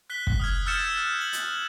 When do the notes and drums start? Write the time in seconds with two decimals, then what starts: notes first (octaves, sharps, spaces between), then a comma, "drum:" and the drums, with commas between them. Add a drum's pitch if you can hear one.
0.10 F#6 B6 G7
0.27 drum: kick
0.40 D#6 F6 G#6
0.66 E6 F6 G6 A6 C#7 E7
0.97 F#6
1.21 F#7
1.33 drum: hi-hat